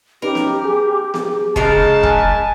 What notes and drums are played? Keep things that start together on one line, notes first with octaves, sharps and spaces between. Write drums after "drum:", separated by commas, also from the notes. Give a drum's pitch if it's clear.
C#4 D#4 G4 A#4 B4
drum: snare B3
G#4
drum: snare B3
C#3 G#3 A#4 A5, drum: kick
G#5 F6 F#6 B6, drum: kick